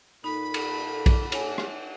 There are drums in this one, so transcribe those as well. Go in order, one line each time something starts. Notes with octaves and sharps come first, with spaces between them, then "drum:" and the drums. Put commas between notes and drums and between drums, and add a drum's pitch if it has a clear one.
A#2 D#4 A4 B5
drum: cymbal
drum: kick, cymbal
C#5 G#5, drum: cymbal
drum: rim click